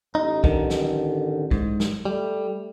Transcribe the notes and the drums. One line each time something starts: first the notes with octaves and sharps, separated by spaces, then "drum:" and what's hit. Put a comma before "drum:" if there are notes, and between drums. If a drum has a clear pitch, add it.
A1 D#4
D3 D#3, drum: kick
drum: snare
G#2, drum: kick
drum: snare
G3 A3